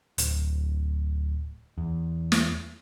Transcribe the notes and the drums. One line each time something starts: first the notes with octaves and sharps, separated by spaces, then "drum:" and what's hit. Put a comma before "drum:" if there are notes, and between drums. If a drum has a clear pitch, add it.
D1, drum: hi-hat
E2
drum: snare